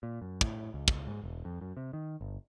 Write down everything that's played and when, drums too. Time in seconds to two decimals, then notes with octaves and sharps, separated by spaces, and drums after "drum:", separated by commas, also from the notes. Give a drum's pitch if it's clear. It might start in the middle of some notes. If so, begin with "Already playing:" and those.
0.03 A#2
0.22 F#2
0.41 A2, drum: kick
0.74 C#2
0.88 drum: kick
1.07 G#2
1.24 E1
1.45 F2
1.61 F#2
1.77 C3
1.93 D#3
2.21 G1